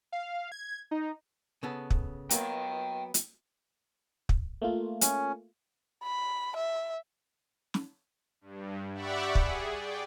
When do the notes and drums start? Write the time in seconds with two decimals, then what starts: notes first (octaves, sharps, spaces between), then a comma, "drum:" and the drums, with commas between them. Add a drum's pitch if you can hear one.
0.12 F5
0.52 G#6
0.91 D#4
1.63 C#3 B3 A4
1.90 drum: kick
2.30 F#3 A#3 B3 G5 A#5, drum: hi-hat
3.14 drum: hi-hat
4.29 drum: kick
4.62 A3 A#3 F4
5.01 C#4, drum: hi-hat
6.04 B5
6.56 E5
7.74 drum: snare
8.41 G2
8.93 G4 D5 E5 F#5 B5 C#6
9.35 G#4, drum: kick
9.76 D5 G5